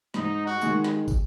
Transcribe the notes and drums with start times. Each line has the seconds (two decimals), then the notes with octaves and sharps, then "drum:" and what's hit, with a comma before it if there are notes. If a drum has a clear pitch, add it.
0.14 G#2 D#4, drum: snare
0.45 F#4
0.61 D#3 G#3 D#4 G#4, drum: tambourine
0.84 drum: snare
1.08 drum: kick, tambourine